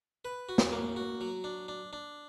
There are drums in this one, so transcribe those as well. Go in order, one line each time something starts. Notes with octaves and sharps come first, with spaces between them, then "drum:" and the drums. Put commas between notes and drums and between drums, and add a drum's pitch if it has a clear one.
B4
F#4
drum: snare
A#3
F#4
F#3
D4
D4
D4